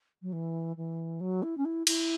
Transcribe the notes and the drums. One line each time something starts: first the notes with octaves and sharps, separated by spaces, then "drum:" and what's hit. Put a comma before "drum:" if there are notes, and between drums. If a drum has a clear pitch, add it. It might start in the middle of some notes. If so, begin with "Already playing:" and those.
F#3
E3
E3
F#3
E4
C#4
E4
E4, drum: cymbal